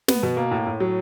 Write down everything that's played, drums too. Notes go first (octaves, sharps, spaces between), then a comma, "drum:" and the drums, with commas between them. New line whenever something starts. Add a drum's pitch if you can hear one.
B3, drum: snare
B2
A#3
A2
A2
F#3